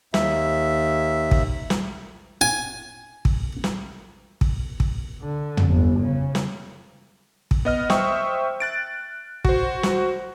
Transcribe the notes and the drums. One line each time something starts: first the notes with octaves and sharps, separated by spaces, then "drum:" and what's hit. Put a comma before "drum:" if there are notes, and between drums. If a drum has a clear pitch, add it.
D#2 E5, drum: snare
drum: kick
drum: snare
G#5
drum: kick
drum: snare
drum: kick
drum: kick
D3
drum: tom
G1
C#3
drum: snare
drum: kick
B3 D#5 F6
C5 E5 G5 C#6 D#6 E6, drum: snare
F#6 A6 D7
F#4 C5, drum: kick
drum: snare